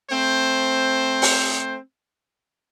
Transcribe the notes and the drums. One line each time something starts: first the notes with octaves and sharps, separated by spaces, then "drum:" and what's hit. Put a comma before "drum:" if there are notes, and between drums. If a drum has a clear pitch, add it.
A3 C4 C5
drum: open hi-hat